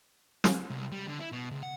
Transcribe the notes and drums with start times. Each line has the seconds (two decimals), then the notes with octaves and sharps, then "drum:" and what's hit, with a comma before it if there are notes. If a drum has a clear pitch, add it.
0.44 drum: snare
0.70 C2
0.92 G3
1.07 D3
1.20 E4
1.32 B2
1.51 C#2
1.63 F#5